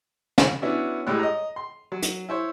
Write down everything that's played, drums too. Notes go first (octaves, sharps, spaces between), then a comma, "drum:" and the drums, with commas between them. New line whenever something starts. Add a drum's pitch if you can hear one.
drum: snare
B3 C#4 D4 E4 F#4
A2 G3 G#3 C#5 E6 F#6
D#5 A#5
C6
F#3
drum: hi-hat
E4 C5 C#5